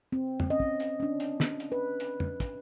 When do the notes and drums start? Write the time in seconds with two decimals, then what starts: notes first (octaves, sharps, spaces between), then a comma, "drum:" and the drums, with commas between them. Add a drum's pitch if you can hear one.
0.12 C4
0.40 drum: tom
0.50 C#4 D#5
0.60 drum: kick
0.80 drum: hi-hat
1.00 C#4 D4
1.20 drum: hi-hat
1.40 drum: snare
1.60 drum: hi-hat
1.72 B4
2.00 drum: hi-hat
2.20 drum: tom
2.40 drum: kick, hi-hat